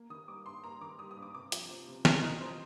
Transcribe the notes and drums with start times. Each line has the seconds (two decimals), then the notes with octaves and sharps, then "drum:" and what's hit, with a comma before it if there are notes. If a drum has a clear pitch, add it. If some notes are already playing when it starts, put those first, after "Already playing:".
Already playing: A#3
0.10 D#3 D#6
0.28 G3 D6
0.46 G2 C6
0.63 A#3 A#5
0.81 D#3 D6
0.99 G3 D#6
1.11 D#6
1.17 G2
1.22 D6
1.34 C3 D6
1.52 F3, drum: hi-hat
1.70 C4
1.88 C3
2.05 C3 A#5, drum: snare
2.23 F3 D#5
2.40 C4 C5